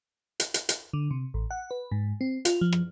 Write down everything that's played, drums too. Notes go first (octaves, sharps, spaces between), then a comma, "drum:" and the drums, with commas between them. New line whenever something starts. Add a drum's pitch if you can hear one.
drum: hi-hat
drum: hi-hat
drum: hi-hat
D3
C3
A1
F#5
B4
G#2
C4
F4, drum: hi-hat
F3
drum: rim click